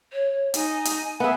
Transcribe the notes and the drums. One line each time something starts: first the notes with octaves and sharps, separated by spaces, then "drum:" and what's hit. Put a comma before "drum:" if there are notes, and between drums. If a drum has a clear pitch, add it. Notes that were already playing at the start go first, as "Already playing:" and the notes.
C#5
D#4 G#5, drum: hi-hat
drum: hi-hat
B3 G#4 E5